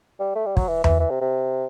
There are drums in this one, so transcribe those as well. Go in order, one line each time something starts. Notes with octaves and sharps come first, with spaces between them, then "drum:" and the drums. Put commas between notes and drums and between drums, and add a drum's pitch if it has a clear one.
G3
A3
G3
F#3, drum: kick
E3
E3, drum: tom E2
E3
C3
C3